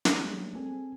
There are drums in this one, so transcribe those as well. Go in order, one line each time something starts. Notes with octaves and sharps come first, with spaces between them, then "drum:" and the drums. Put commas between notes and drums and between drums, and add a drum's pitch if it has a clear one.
drum: snare
F#3 G3 A3 A#3 D4 G#4
C4 A4 G#5